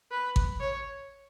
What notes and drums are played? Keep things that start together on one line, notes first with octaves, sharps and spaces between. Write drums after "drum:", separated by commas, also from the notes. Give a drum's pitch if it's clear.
B4
drum: kick G#1
C#5